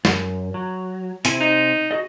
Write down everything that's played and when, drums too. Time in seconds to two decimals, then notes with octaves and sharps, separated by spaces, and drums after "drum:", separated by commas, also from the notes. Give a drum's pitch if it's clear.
0.05 F#2, drum: snare
0.54 F#3
1.25 C3 C4 E4 G#5, drum: hi-hat
1.40 D#4
1.91 F#4 G#4 D#5